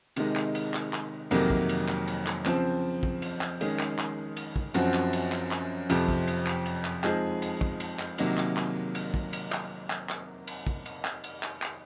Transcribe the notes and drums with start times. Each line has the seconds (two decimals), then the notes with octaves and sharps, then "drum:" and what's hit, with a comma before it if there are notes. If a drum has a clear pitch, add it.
0.16 C3 D#3 G#3 D#4, drum: cymbal
0.36 drum: clap
0.55 drum: cymbal
0.74 drum: clap
0.93 drum: clap
1.31 F2 C3 D#3 F#3 A#3, drum: cymbal
1.50 drum: kick
1.69 drum: cymbal
1.88 drum: clap
2.07 drum: cymbal
2.27 drum: clap
2.46 C#3 F3 C4, drum: clap
3.03 drum: kick
3.22 drum: cymbal
3.41 drum: clap
3.61 D#3 G#3 C#4 G#4, drum: cymbal
3.79 drum: clap
3.98 drum: clap
4.37 drum: cymbal
4.56 drum: kick
4.74 F#2 F3 C4 F#4, drum: cymbal
4.94 drum: clap
5.13 drum: cymbal
5.32 drum: clap
5.51 drum: clap
5.90 F2 C3 F3 C4, drum: cymbal
6.08 drum: kick
6.27 drum: cymbal
6.47 drum: clap
6.66 drum: cymbal
6.85 drum: clap
7.04 F3 G#3 C4 D#4 G#4, drum: clap
7.42 drum: cymbal
7.61 drum: kick
7.80 drum: cymbal
7.99 drum: clap
8.18 C3 D#3 F#3 A#3 D#4, drum: cymbal
8.37 drum: clap
8.57 drum: clap
8.95 drum: cymbal
9.14 drum: kick
9.33 drum: cymbal
9.52 drum: clap
9.90 drum: clap
10.09 drum: clap
10.47 drum: cymbal
10.67 drum: kick
10.86 drum: cymbal
11.05 drum: clap
11.24 drum: cymbal
11.43 drum: clap
11.62 drum: clap